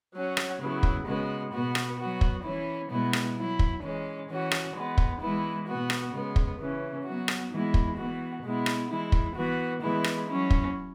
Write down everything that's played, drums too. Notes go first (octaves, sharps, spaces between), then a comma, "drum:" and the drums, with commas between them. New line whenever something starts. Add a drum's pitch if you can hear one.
F#3 C#4 F#4
drum: rim click
C#3 F#3 B3 E4
drum: kick
C#3 G#3 B3 F#4
B2 B3 F#4
drum: rim click
F#3 B3 F#4
drum: kick
E3 C#4 E4
B2 G#3 B3 E4
drum: rim click
F#3 E4
drum: kick
E3 G#3 C#4
E3 C#4 F#4
drum: rim click
E3 G#3 B3
drum: kick
E3 G#3 B3 E4
B2 B3 F#4
drum: rim click
C#3 G#3 B3
drum: kick
C#3 E3 C#4
F#3 B3 F#4
drum: rim click
E3 G#3 B3 E4
drum: kick
E3 B3 F#4
B2 G#3 B3 E4
drum: rim click
E3 G#3 E4
drum: kick
E3 B3 F#4
E3 G#3 B3 E4
drum: rim click
F#3 C#4 E4
drum: kick